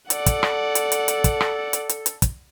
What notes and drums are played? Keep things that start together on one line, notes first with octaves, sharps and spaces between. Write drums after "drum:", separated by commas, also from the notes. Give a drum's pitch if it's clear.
A4 D5 F#5, drum: hi-hat
drum: kick, hi-hat
drum: rim click
drum: hi-hat
drum: hi-hat
drum: hi-hat
drum: kick, hi-hat
drum: rim click
drum: hi-hat
drum: hi-hat
drum: hi-hat
drum: kick, hi-hat